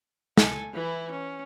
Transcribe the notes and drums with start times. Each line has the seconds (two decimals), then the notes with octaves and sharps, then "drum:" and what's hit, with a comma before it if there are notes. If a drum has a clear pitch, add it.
0.37 A4 G#5, drum: snare
0.74 E3 E4
1.11 C#4